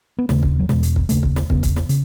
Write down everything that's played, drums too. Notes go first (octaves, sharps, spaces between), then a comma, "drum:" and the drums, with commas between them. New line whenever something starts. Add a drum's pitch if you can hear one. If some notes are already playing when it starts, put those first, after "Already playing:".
B3
D#2 C#3 A3, drum: snare
drum: kick
F#3
E2 B2 G#3, drum: snare
drum: hi-hat
drum: kick
D#2 C#3 A3, drum: hi-hat
drum: kick
drum: snare
E2 C#3 B3, drum: kick
drum: kick, hi-hat
drum: snare
C#3, drum: hi-hat